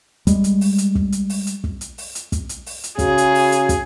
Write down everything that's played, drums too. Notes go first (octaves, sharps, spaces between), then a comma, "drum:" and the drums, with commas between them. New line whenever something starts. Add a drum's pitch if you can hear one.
G3 G#3, drum: kick, hi-hat
drum: hi-hat
drum: open hi-hat
drum: hi-hat
drum: kick
drum: hi-hat
drum: open hi-hat
drum: hi-hat
drum: kick
drum: hi-hat
drum: open hi-hat
drum: hi-hat
drum: kick, hi-hat
drum: hi-hat
drum: open hi-hat
drum: hi-hat
C#3 F#4 G#4, drum: kick, hi-hat
drum: hi-hat
drum: open hi-hat
drum: hi-hat
drum: kick, hi-hat